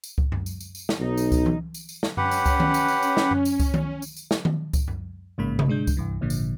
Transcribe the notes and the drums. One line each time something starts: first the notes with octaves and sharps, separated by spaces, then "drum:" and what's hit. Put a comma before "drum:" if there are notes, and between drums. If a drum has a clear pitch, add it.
drum: tambourine
drum: kick C#2
drum: tom F#2
drum: tambourine
drum: tambourine
drum: tambourine
drum: snare
B1 D#4
drum: tambourine
drum: kick C#2, tambourine
drum: tom E3
drum: tambourine
drum: tambourine
drum: snare
C#4 G4 B4 F#5, drum: tom F#2
drum: tambourine
drum: kick C#2, tambourine
drum: tom D#3
drum: tambourine
drum: tambourine
drum: tambourine
drum: snare
drum: tom F#2
drum: tambourine
drum: kick C#2, tambourine
drum: tom D#3
drum: tambourine
drum: tambourine
drum: snare
drum: tom D#3
drum: kick C#2, tambourine
drum: tom F#2
A1 G#2 C#3 A#3 B5
drum: tom C3
G#2 G#3 D4 G6
drum: kick C#2, tambourine
C2 G2 E3
G#1 A#2 D3 F3
drum: tambourine